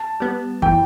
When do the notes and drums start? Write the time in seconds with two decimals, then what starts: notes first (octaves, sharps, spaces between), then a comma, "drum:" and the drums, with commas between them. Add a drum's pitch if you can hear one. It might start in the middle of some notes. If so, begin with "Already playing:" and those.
Already playing: A5
0.20 G3 B3
0.62 E3 G5, drum: kick F#2